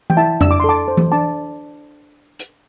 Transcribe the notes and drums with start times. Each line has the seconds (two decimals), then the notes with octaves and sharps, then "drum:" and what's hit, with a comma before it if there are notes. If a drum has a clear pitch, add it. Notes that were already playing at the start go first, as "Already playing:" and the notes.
0.10 G5, drum: tom E3
0.17 E4 E5 A5
0.41 D4 E6, drum: tom F2
0.51 D6
0.60 C6
0.64 A4 A5 D6
0.88 C5
0.97 drum: tom E3
1.12 D4 A5 D6
2.39 drum: hi-hat